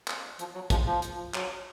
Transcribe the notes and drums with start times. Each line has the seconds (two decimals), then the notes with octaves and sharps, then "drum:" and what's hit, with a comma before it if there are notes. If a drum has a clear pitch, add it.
0.07 drum: clap
0.39 F3, drum: hi-hat
0.54 F#3
0.70 F3 G#3, drum: kick, hi-hat
0.86 F3
1.02 drum: hi-hat
1.34 F#3, drum: clap